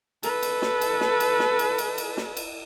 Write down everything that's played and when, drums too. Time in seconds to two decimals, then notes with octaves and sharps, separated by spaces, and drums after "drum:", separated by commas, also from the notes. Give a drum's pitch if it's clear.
0.23 A4 B4, drum: cymbal
0.43 drum: cymbal
0.62 drum: snare
0.81 drum: cymbal
1.01 drum: snare
1.20 drum: cymbal
1.40 drum: snare
1.59 drum: cymbal
1.78 drum: cymbal
1.98 drum: cymbal
2.17 drum: snare
2.37 drum: cymbal